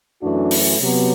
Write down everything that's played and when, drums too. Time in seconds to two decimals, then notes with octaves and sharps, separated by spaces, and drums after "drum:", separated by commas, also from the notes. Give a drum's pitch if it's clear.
0.22 F#2 E3 A3 D4 F#4
0.51 drum: open hi-hat
0.80 C3 F#3 B3